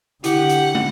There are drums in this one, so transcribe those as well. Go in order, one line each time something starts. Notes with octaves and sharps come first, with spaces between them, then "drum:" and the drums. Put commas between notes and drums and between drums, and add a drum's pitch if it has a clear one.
D3 E4 G4 F#5, drum: hi-hat
drum: hi-hat
drum: tom